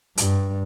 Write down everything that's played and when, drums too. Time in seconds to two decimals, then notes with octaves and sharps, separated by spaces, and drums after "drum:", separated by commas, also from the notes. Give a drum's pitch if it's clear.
0.18 G2, drum: hi-hat